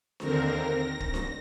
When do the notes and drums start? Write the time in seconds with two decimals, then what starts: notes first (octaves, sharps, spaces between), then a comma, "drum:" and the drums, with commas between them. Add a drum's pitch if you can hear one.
0.20 D#2 D3 C4 A#4 A#6, drum: snare D4
0.55 A#6
1.00 drum: kick
1.14 drum: snare D4